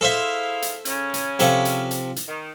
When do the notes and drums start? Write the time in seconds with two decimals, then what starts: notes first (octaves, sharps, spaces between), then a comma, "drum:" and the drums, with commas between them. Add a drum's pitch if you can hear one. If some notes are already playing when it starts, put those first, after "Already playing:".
0.01 E4 G#4 A4 C5 E5 F5
0.62 drum: hi-hat
0.85 C#3 C#4, drum: hi-hat
1.14 drum: hi-hat
1.39 C3 F3 A4, drum: hi-hat
1.65 drum: hi-hat
1.91 drum: hi-hat
2.16 drum: hi-hat
2.27 D#3